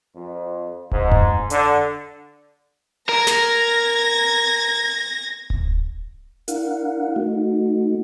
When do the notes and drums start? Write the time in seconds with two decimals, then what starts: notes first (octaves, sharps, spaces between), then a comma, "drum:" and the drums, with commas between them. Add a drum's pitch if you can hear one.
0.15 F2
0.91 G#2, drum: kick D1
1.12 drum: tom F2
1.50 D3, drum: hi-hat
3.09 A#4 G#6 A#6
3.27 drum: snare
5.50 drum: kick D1
6.48 D4 E4 A#4 F5 F#5, drum: hi-hat
7.16 A3 D#4 F#4